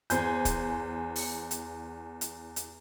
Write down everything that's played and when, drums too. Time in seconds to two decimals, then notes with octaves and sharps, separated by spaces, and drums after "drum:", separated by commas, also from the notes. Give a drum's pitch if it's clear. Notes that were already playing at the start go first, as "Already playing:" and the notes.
0.10 E2 C5 G#5 G6, drum: hi-hat
0.45 drum: kick, hi-hat
1.16 drum: open hi-hat
1.51 drum: hi-hat
2.21 drum: hi-hat
2.56 drum: hi-hat